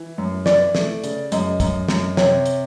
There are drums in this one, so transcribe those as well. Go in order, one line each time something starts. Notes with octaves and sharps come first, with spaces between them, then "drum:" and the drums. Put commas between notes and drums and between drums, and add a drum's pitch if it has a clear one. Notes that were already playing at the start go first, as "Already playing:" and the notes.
Already playing: E3
F#2
E3 D5, drum: snare
A3, drum: snare
C#3, drum: hi-hat
F#2 D#5, drum: hi-hat
F#2, drum: kick, hi-hat
F#2, drum: snare
C3 C#5, drum: snare
drum: hi-hat